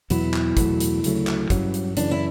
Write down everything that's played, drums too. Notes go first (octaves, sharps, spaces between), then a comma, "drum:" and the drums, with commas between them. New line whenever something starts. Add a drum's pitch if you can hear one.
E2 B2 F#3 B3 E4, drum: hi-hat
drum: clap
E2 B2 F#3 A3, drum: kick, hi-hat
drum: hi-hat
D2 C#3 F#3 A3, drum: hi-hat
drum: clap
G2 F#3 C#4, drum: kick, hi-hat
drum: hi-hat
F#2 C#3 E3 D4, drum: hi-hat
E4